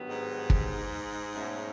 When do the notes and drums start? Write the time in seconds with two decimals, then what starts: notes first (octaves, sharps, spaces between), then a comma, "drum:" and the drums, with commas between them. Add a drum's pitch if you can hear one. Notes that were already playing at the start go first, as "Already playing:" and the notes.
Already playing: G2 D#3 F#3 B3
0.08 G#2
0.50 drum: kick
1.34 B2 F#3 A3 C#4